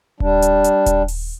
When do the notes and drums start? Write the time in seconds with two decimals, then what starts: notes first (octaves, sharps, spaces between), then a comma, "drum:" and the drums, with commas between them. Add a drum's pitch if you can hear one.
0.20 G3 D4, drum: kick D#1
0.42 drum: hi-hat
0.64 drum: hi-hat
0.86 drum: kick D#1, hi-hat
1.08 drum: open hi-hat